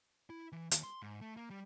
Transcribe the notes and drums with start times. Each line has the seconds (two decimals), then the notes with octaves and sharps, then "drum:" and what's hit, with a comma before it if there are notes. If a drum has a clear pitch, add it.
0.30 E4
0.52 E3
0.71 D#2, drum: hi-hat
0.83 C6
1.02 G#2
1.21 A3
1.37 A#3
1.50 G3